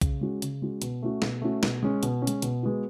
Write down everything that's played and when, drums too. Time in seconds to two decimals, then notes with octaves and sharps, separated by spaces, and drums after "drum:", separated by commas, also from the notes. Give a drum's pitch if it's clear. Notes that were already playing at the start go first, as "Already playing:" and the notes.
0.01 C#3, drum: kick B1, hi-hat
0.21 G#3 C#4 F#4
0.42 C#3, drum: hi-hat
0.62 G#3 C#4 F#4
0.82 B2, drum: hi-hat
1.02 A3 C#4 F#4
1.22 B2, drum: snare
1.42 A3 C#4 F#4
1.63 B2, drum: snare
1.83 G#3 C#4
2.03 B2, drum: hi-hat
2.22 C#4
2.27 G#3, drum: hi-hat
2.42 B2, drum: hi-hat
2.63 G#3 B3 F#4